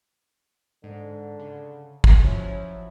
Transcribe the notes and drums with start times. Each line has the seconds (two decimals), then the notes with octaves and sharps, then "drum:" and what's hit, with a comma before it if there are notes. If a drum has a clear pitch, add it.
0.84 G#2 D3
1.39 C#3
2.04 drum: kick
2.24 F3 F#3 C#4 E4